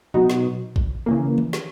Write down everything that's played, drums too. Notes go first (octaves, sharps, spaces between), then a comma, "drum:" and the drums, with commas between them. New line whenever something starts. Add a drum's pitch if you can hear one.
B2 F#3 B3 D#4 F#4, drum: tom B2
drum: snare
drum: kick A1
C#3 E3 A#3
drum: tom D#3
drum: snare